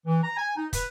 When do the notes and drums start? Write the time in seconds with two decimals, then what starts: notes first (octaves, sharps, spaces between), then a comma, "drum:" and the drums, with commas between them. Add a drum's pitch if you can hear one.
0.06 E3
0.23 A#5
0.37 G#5
0.56 D#4
0.73 B4, drum: kick, hi-hat